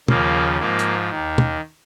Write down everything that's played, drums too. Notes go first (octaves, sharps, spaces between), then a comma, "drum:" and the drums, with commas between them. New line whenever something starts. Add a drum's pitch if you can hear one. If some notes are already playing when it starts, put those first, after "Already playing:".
D#2 C#3 F3 A#3, drum: tom
G#2 F3 A#3
drum: hi-hat
D#2 D#3
drum: tom